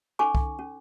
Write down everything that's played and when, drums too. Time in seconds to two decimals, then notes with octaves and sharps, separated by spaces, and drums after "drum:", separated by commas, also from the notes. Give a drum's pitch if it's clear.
0.19 C#4 D#4 A4 G#5 C#6 D6
0.35 drum: kick
0.59 C#4